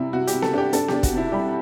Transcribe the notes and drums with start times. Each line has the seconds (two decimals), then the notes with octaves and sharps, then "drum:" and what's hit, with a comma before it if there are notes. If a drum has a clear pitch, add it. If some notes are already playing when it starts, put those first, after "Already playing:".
Already playing: C3 G3 E4
0.13 C3 F#4
0.27 G4, drum: hi-hat
0.33 C3
0.42 A4, drum: snare B3
0.53 D4 G4
0.73 D4 A4, drum: hi-hat
0.88 D4 G4, drum: snare B3
1.03 F#4, drum: kick, hi-hat
1.13 C3 E4
1.32 G3 G4